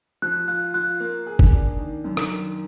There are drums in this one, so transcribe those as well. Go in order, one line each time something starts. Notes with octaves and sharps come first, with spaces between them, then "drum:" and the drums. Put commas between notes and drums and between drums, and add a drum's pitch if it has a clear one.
F3 F#6
F4 F#6
F4 F#6
A#3
G#4
drum: kick F#1
D4
D#3
F#2
drum: rim click
D#3